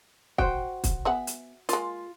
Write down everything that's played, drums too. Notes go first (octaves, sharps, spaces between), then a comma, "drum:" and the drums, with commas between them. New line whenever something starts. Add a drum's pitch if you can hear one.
F#4 C5 G5, drum: kick
drum: kick, hi-hat
B3 G#4 E5 F#5
drum: hi-hat
G#3 A#3 F4, drum: hi-hat